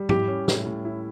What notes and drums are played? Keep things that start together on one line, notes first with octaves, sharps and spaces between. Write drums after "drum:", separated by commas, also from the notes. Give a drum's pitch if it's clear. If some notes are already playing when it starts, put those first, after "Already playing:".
Already playing: G3
E4 G4, drum: tom G#2
C#4
A2, drum: snare
A2
E4